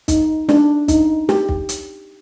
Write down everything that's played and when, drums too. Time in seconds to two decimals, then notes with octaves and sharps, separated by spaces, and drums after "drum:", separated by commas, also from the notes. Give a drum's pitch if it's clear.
0.08 D#4, drum: kick, hi-hat
0.49 D4, drum: snare
0.88 D#4, drum: kick, hi-hat
1.29 G4, drum: snare
1.49 drum: kick
1.69 drum: hi-hat